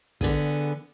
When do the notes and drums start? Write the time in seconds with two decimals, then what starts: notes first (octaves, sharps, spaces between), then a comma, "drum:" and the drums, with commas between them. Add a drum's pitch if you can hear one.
0.21 D3 B3 G#4, drum: kick